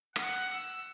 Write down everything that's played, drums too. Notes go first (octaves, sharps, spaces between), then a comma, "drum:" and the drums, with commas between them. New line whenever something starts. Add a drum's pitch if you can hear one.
F#5, drum: rim click
E6